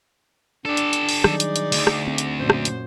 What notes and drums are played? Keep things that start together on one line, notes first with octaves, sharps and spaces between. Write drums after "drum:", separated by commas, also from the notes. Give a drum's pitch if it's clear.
D4 G4 A4
drum: hi-hat
drum: hi-hat
drum: open hi-hat
D#3 F#3 G3 D#4 G#4 D5, drum: rim click
drum: hi-hat
drum: hi-hat
D2, drum: open hi-hat
drum: rim click
C4
drum: hi-hat
F#2 A#2 C5
drum: rim click
drum: hi-hat